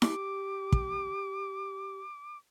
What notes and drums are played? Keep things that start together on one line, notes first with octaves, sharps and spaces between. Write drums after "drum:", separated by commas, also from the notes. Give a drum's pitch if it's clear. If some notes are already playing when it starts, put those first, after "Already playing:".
G4 D6, drum: snare E4
drum: kick